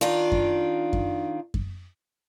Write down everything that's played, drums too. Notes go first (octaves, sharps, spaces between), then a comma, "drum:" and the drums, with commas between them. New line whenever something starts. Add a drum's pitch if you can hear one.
D#3 D4 F4
drum: kick F#2
drum: kick F#2
drum: kick F#2